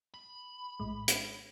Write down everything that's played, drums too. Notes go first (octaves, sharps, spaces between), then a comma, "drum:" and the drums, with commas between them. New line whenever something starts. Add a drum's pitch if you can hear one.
B5
A#1 A2 G#3
drum: hi-hat